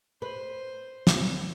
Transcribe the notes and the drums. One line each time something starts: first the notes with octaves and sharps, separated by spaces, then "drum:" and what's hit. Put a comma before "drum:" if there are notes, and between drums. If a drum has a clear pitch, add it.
B4 C5
drum: snare